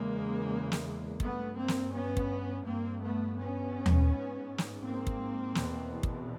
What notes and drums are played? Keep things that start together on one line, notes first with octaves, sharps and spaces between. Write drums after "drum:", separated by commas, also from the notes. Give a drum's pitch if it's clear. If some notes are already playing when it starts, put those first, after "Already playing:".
Already playing: E2 C#3 G#3 A#3
drum: snare
G2 A3 B3, drum: kick
A#3 C4
drum: snare
B3 C#4
drum: kick
G2 A#3 C4
A3 B3
B3 C#4
drum: tom D#2
G#2
drum: snare
A#3 C4
drum: kick
E2 B2, drum: snare
drum: kick